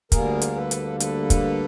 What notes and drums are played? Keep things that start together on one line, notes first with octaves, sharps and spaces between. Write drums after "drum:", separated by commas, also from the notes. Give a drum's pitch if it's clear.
D2 D3 G3 A#3 G#4 A#4, drum: kick, hi-hat
drum: hi-hat
A4 B4
drum: hi-hat
A4 B4, drum: hi-hat
drum: kick, hi-hat